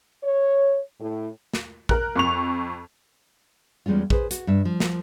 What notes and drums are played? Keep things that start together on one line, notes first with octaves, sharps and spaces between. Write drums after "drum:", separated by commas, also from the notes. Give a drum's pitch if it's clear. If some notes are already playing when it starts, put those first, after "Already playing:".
C#5
A2
drum: snare
A#4 F#6, drum: kick A#1
F2 C#6 F7
E2 G3 G#3 C#4 F4
G#4 B4 C5, drum: kick A#1
F#4, drum: hi-hat
G2 E5
F3
drum: snare